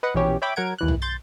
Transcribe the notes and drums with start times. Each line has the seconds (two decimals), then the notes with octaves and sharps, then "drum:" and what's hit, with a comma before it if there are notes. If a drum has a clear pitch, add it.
0.03 B4 D#5 F#5
0.14 A#1 B2 E3 C#4 G4 C#5
0.42 C#5 E5 G5 B5 D6
0.56 F#3 A#4 F#5 G#6 D7
0.78 D#2 E3 F#6
0.88 drum: tom B1
1.02 C6 G6 A6